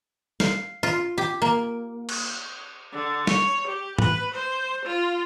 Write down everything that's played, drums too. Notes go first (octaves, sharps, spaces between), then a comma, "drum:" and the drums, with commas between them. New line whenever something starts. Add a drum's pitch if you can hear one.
F5, drum: snare
F4
G4
A#3
drum: cymbal
D3
C#5, drum: snare
G4
B4, drum: tom
C5
F4